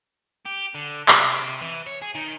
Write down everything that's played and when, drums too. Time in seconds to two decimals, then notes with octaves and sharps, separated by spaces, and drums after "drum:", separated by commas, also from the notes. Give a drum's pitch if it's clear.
0.46 G4
0.74 D3
1.08 C3, drum: clap
1.61 E3
1.86 C#5
2.02 G#4
2.15 D#3